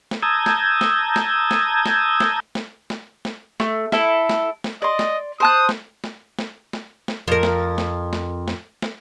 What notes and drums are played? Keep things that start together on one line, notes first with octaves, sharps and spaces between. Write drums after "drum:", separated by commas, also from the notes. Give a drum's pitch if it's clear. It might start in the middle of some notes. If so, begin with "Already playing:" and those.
drum: snare
A5 A#5 D#6 E6 G6 G#6
drum: snare
drum: snare
drum: snare
drum: snare
drum: snare
drum: snare
drum: snare
drum: snare
drum: snare
A3, drum: snare
E4 A4, drum: snare
drum: snare
drum: snare
D5 D#5 C6
drum: snare
C5 A5 D#6 F#6
drum: snare
drum: snare
drum: snare
drum: snare
drum: snare
F2 A#4
drum: snare
drum: snare
drum: snare
drum: snare
drum: snare